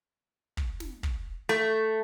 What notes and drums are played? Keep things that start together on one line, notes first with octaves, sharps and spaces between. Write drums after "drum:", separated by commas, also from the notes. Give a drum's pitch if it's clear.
drum: kick
drum: snare
drum: kick
A3